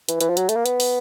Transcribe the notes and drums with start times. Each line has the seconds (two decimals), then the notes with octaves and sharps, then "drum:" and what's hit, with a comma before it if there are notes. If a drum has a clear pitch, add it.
0.09 E3, drum: hi-hat
0.21 E3, drum: hi-hat
0.29 F3
0.37 F#3, drum: hi-hat
0.49 A3, drum: hi-hat
0.56 A#3
0.66 B3, drum: hi-hat
0.80 drum: open hi-hat